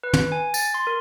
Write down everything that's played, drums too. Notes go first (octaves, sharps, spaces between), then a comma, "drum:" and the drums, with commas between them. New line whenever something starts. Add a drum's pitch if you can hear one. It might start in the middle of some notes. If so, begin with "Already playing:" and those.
B4
drum: tom
G#5
A6, drum: tambourine
C6
A#4